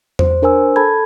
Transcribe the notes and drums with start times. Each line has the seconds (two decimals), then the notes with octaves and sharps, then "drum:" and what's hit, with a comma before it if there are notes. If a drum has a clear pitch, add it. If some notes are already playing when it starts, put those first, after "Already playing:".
0.19 C5, drum: tom E2
0.42 D4 A#4 C5 G#5 E6
0.76 A4 A5 B5 G#6